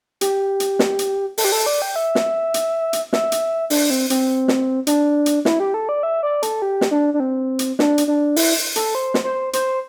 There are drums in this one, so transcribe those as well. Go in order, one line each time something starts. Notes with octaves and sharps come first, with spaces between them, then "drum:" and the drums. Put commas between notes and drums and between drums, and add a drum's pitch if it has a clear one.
G4, drum: hi-hat
drum: hi-hat
drum: snare
drum: hi-hat
A4, drum: open hi-hat
G4
A4
D5
G5
E5
drum: snare
drum: hi-hat
drum: hi-hat
E5, drum: snare
drum: hi-hat
D4, drum: open hi-hat
C4
C4, drum: hi-hat
drum: snare
D4, drum: hi-hat
drum: hi-hat
E4, drum: snare
G4
A4
D5
E5
D5
A4, drum: hi-hat
G4
drum: snare
D4
D4
C4
drum: hi-hat
D4, drum: snare
drum: hi-hat
D4
E4, drum: open hi-hat
A4, drum: hi-hat
C5
drum: snare
C5
C5, drum: hi-hat